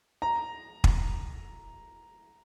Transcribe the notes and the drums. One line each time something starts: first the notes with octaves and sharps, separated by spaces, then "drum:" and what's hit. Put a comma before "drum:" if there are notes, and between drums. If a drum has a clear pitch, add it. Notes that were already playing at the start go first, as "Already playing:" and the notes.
A#5
drum: kick